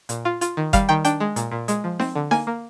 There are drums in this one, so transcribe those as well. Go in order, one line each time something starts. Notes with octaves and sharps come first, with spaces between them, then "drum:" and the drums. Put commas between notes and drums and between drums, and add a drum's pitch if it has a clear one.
A#2, drum: hi-hat
F4
F4, drum: hi-hat
D#3
G3 F5, drum: kick F#1, hi-hat
D#3 G5
D4 G5, drum: hi-hat
G#3
A#2, drum: hi-hat
A#2
G#3, drum: hi-hat
F3
C4, drum: snare D#4
D3
A#3 G#5, drum: snare D#4
A#3